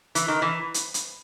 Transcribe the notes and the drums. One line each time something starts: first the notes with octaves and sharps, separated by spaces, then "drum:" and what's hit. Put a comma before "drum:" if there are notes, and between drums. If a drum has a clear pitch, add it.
E3, drum: hi-hat
D#3
E3
drum: hi-hat
drum: hi-hat